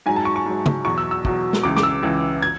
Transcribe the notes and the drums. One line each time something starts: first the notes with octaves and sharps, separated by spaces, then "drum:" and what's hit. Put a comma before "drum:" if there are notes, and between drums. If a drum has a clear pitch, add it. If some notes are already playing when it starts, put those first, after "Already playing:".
G#2 F#3 G#5
A5
C#6
C#6
G#2 F#3
drum: tom C#3
E2 B2 F#3 C#6
E6
E6
E2 B2 F#3, drum: kick
drum: snare
C#2 C#3 E3 D6
D6, drum: snare
E6
C#2 C#3 E3
G#6